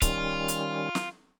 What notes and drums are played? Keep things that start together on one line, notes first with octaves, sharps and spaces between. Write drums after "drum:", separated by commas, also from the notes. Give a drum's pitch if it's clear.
D#3 G3 C#4 F4, drum: kick C#1, hi-hat
drum: hi-hat
drum: snare